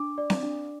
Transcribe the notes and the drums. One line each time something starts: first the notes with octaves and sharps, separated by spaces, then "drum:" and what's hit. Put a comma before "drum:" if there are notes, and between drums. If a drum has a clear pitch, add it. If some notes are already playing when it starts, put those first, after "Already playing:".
Already playing: D4 D6
D5
drum: snare C4
D4